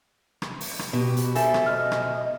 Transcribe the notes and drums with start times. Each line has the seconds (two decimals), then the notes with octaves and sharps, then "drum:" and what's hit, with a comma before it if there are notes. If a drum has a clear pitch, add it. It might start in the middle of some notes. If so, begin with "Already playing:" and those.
0.42 drum: rim click
0.61 drum: open hi-hat
0.79 drum: rim click
0.93 B2 G4
1.17 drum: hi-hat
1.35 A4 C5 E5 G#5, drum: hi-hat
1.54 drum: rim click
1.66 D#5 F6
1.92 drum: rim click